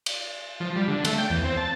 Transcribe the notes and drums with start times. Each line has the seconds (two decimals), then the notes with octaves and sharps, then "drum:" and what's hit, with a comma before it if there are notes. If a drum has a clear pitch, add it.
0.06 drum: cymbal
0.60 F3
0.76 G3
0.88 D3
1.05 A3, drum: cymbal
1.18 G5
1.30 E2
1.44 C4
1.57 A5